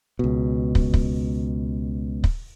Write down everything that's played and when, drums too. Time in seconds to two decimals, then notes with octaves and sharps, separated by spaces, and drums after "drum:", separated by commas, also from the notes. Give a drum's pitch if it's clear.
0.19 C#2 B2
0.75 drum: kick
0.94 drum: kick
2.24 drum: kick